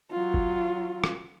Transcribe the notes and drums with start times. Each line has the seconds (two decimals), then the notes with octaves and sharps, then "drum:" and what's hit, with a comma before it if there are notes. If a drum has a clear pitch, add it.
0.11 F#3 F4
0.34 drum: kick
1.04 drum: rim click